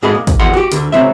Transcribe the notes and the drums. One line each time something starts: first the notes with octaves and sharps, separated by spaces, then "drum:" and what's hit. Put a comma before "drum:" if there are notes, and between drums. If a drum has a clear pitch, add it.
G#2 F#4 G#4 A4 D#5 B5
A#3
drum: kick, hi-hat
E2 F#3 F#5 C6
F#4 G4
D2 D3, drum: hi-hat
C#3 F#3 C4 E5